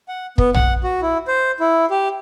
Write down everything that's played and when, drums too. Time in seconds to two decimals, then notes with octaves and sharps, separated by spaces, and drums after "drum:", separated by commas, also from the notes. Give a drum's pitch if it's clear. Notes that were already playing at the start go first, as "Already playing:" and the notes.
0.08 F#5
0.38 B3, drum: kick
0.54 F#5, drum: tom A#1
0.84 F#4
1.02 E4
1.28 C5
1.60 E4
1.90 G4